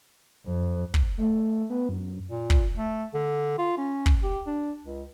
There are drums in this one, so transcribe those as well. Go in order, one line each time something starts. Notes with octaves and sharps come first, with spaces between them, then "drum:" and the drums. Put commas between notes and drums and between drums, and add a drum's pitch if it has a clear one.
F2
drum: kick
A3
B3
F#2
A#2
drum: kick
A3
D3
F4
C#4
drum: kick
G4
D4
C#2